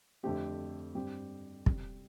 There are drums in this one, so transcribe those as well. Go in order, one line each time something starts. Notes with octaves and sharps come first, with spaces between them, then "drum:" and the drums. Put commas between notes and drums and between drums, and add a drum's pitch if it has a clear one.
F2 D3 A3 C4 G4
G2 G3 C4 G4
C3 G3 C4, drum: kick